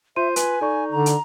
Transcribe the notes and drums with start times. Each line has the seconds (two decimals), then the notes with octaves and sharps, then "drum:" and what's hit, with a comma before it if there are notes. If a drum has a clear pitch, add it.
0.16 F4 C5 E5 C6 D#7
0.36 B4 G#5, drum: hi-hat
0.61 D#4 A4 D5 C#6
0.92 D3 A#5
1.06 drum: hi-hat